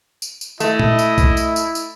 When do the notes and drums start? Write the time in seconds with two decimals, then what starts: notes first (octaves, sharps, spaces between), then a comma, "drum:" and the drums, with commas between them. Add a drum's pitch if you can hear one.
0.22 drum: tambourine
0.41 drum: tambourine
0.60 A3 E4 D#5, drum: tambourine
0.79 drum: tom
0.99 drum: tambourine
1.18 drum: kick, tambourine
1.37 drum: tambourine
1.56 drum: tambourine
1.75 drum: tambourine